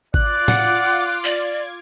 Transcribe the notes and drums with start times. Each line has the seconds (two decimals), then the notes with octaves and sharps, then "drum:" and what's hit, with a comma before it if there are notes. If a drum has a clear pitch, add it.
0.14 F4 D5 D6 F#6, drum: kick G#1
0.48 F#5, drum: tom
1.24 D5 G#6